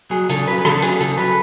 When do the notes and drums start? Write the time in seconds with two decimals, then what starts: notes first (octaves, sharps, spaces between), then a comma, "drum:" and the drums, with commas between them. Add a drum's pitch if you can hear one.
0.11 F#3 G#4
0.29 C#3 A4, drum: hi-hat
0.47 F#3 B4
0.59 B4
0.65 C#3 A4, drum: rim click
0.78 A4
0.82 F#3 G#4, drum: hi-hat
1.00 C#3 A4, drum: hi-hat
1.17 F#3 B4